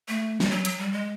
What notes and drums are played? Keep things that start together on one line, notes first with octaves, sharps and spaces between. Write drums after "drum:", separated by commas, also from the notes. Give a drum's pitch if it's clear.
A3
G3, drum: snare
F#3
F#3, drum: hi-hat
G3
G#3